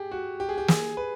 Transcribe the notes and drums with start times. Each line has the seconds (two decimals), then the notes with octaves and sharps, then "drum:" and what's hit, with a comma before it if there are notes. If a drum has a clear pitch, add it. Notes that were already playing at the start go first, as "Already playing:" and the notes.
Already playing: G4 G#4
0.11 F#4
0.40 G4
0.49 G#4
0.58 G4
0.68 G#4, drum: snare
0.97 B4